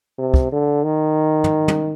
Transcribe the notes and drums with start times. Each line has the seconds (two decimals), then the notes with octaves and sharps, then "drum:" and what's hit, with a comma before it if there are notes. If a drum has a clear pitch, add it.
0.18 C3
0.34 drum: kick
0.52 D3
0.85 D#3
1.44 drum: tom
1.68 drum: tom